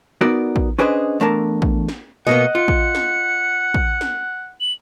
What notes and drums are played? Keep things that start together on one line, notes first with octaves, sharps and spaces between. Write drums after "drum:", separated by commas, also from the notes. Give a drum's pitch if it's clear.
B3 D#4 F#4 A#4 D5
drum: kick
C#4 D4 G#4 B4 C5 D#5
E2 A3 D4 A#4 A5
drum: kick
drum: snare
B2 A#3 B3 D#5 F#5 C#7
F4 C#7
drum: kick
drum: snare
drum: kick
drum: snare
F#7